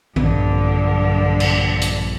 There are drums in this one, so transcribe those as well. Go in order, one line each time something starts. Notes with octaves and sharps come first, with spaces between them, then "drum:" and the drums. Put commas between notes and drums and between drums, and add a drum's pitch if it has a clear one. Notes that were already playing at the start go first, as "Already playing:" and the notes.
A#1 G2 D3, drum: tom D#3
drum: cymbal
drum: hi-hat